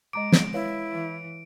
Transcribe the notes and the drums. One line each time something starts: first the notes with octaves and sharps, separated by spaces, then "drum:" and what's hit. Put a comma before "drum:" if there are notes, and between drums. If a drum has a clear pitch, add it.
G#3 D#5 A#5 D6 D7
drum: snare
E4 B4 C#5 F5
E3